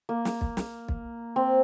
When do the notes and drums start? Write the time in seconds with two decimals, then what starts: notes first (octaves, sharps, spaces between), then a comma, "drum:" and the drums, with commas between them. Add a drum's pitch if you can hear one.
0.09 A#3
0.25 drum: snare
0.41 drum: kick
0.57 drum: snare
0.88 drum: kick
1.36 C4